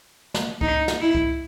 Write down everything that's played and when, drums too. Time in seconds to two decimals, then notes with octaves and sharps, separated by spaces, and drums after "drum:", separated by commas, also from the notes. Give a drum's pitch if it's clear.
0.34 drum: snare
0.61 D#4, drum: kick C2
0.88 drum: snare
1.01 E4
1.15 drum: kick C2